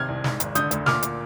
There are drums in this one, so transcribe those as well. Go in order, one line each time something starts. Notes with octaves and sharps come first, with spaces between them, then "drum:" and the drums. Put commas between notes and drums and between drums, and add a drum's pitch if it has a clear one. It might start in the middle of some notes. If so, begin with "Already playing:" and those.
Already playing: G#1 C3 F6 G#6
C2
G#2, drum: snare
G#1, drum: hi-hat
D3 D#6 G6, drum: hi-hat
D2, drum: hi-hat
A#2 D6 F6, drum: snare
drum: hi-hat